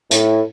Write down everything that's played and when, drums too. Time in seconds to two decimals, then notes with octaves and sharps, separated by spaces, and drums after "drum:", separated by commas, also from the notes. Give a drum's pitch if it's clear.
0.11 A2, drum: hi-hat